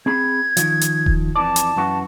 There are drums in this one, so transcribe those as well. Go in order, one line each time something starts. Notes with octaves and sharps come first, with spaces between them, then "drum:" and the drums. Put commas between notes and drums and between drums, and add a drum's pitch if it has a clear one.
C4 G#4 B5 G#6
D#3 F3, drum: hi-hat
drum: hi-hat
drum: kick D#1
F2 E3 D5 A5
drum: hi-hat
F#2 E3 F#4